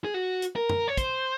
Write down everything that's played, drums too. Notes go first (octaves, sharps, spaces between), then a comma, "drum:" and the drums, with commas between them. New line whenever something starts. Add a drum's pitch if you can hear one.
G#4
F#4
drum: hi-hat
A#4
drum: tom
C#5
C5, drum: kick, hi-hat